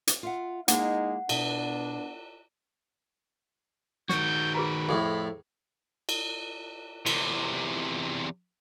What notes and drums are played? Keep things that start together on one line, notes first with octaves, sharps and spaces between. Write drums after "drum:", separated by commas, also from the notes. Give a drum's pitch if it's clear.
drum: hi-hat
F4 E5 F#5
G#3 A#3 D#4 E4 F#5, drum: hi-hat
B2 B3 D4 E5 G#5, drum: cymbal
D#3 F#4 C#6 G6, drum: snare
G#4 B4 A#5 B5
F2 A2 G#4
drum: cymbal
E2 C3, drum: cymbal